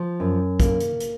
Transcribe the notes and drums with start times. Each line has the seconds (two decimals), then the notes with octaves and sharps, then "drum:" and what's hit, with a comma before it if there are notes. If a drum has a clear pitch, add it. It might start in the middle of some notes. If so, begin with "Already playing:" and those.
Already playing: F3
0.20 F#2
0.60 A#3, drum: kick, hi-hat
0.80 drum: hi-hat
1.00 drum: hi-hat